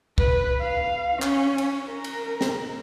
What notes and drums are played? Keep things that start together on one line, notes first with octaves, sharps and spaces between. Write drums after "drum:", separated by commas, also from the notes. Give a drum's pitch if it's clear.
B4, drum: kick
F5
C#4, drum: clap
drum: cymbal
A#4
drum: cymbal
drum: snare